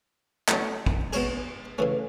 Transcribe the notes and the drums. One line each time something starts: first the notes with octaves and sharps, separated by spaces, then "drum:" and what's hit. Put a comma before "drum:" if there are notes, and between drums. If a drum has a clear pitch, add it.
A2 F#3 C#4, drum: clap
drum: kick
B2 G#3 C#4 G#4, drum: cymbal
C#3 E3 A3 C#4